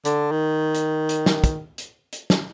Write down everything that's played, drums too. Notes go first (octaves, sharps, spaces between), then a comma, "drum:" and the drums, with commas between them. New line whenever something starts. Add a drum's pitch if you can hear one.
D3, drum: hi-hat
D#3
drum: hi-hat
drum: hi-hat
drum: snare
drum: kick, hi-hat
drum: hi-hat
drum: hi-hat
drum: snare